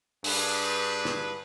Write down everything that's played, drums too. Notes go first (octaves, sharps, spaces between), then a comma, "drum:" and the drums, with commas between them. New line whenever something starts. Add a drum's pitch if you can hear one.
G2 D4 G#4 B4, drum: open hi-hat
drum: snare